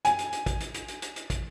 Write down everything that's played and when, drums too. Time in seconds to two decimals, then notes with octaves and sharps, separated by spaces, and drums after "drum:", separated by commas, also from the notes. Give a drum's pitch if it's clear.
0.05 G#5, drum: hi-hat
0.19 drum: hi-hat
0.32 drum: hi-hat
0.46 drum: kick, hi-hat
0.60 drum: hi-hat
0.74 drum: hi-hat
0.88 drum: hi-hat
1.02 drum: hi-hat
1.16 drum: hi-hat
1.30 drum: kick, hi-hat